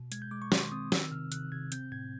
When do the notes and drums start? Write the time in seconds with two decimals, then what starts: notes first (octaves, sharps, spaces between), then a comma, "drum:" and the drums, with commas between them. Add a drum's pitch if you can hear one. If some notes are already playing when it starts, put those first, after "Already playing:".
Already playing: B2
0.12 G#3 G#6, drum: hi-hat
0.22 G6
0.31 G#3 D6
0.42 C#6
0.52 D#3 C6, drum: snare
0.72 C4 D#6
0.92 D#3 E6, drum: snare
1.12 C3 F6
1.32 C3 F#6, drum: hi-hat
1.52 C3 G#6
1.72 C4 G6, drum: hi-hat
1.92 A2 G#6